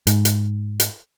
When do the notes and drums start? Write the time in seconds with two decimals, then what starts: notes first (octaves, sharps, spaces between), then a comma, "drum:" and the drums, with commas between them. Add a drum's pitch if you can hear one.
0.07 G#2, drum: hi-hat
0.25 drum: hi-hat
0.80 drum: hi-hat